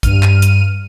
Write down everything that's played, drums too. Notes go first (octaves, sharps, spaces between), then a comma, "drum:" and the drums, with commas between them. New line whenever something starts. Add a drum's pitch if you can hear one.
G2 F6 D#7, drum: kick, hi-hat
drum: clap
drum: hi-hat